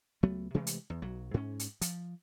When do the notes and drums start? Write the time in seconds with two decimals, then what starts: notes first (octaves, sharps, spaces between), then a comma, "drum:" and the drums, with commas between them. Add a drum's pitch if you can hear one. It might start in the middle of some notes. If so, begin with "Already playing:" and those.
0.23 C#2 F#3 A3 B3
0.54 C3 E3 G#3 A3
0.67 drum: hi-hat
0.90 E2
1.02 B1 F#3
1.34 G#2 C#4
1.60 drum: hi-hat
1.81 F3, drum: hi-hat